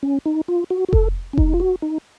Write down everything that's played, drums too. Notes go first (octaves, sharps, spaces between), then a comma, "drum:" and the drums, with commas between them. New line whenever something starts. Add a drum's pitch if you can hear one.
C#4
D#4
F4
F#4
F#4
A4, drum: kick F1
C#4
D#4, drum: kick F1
F4
F#4
D#4